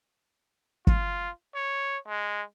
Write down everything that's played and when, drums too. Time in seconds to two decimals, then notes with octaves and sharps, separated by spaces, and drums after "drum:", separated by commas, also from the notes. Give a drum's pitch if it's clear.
0.87 F4, drum: kick
1.55 C#5
2.07 G#3